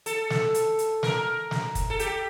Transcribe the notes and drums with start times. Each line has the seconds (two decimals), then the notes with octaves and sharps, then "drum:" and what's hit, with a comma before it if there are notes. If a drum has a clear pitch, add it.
0.06 A4, drum: hi-hat
0.30 drum: snare
0.54 drum: hi-hat
0.79 drum: hi-hat
1.03 A#4, drum: snare
1.51 drum: snare
1.75 drum: kick, hi-hat
1.90 A4
1.99 G4, drum: hi-hat